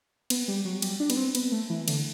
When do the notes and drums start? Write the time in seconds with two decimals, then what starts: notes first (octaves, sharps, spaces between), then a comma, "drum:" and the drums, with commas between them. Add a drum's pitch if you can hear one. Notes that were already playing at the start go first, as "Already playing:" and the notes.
0.30 B3, drum: cymbal
0.48 G3
0.65 F#3
0.82 G3, drum: cymbal
1.00 D4
1.10 B3, drum: cymbal
1.17 C4
1.35 B3, drum: cymbal
1.52 A3
1.70 E3
1.88 D3, drum: cymbal